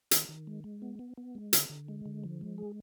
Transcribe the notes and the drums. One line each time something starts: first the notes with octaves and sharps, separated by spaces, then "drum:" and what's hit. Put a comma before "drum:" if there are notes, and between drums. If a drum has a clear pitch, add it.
D#3, drum: hi-hat
D#3
G#3
G#3
B3
B3
B3
G#3
D3, drum: hi-hat
D3
G#3
D3
F3
G#3
G#4